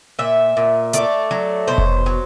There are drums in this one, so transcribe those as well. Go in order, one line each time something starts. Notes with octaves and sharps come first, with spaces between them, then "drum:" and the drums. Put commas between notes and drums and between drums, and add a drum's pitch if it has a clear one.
A#2 E5
A#2
A3 D5, drum: hi-hat
F#3
B2 C5
drum: kick F1
F#3